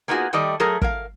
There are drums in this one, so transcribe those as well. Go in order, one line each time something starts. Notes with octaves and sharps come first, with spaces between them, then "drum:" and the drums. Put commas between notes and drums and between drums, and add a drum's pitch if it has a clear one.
A#3 B3 D#4 F4 F#4 G#4
D#3 G3 A3 D5 D#5
F#3 A3 G#4 A#4
A#4 F5, drum: kick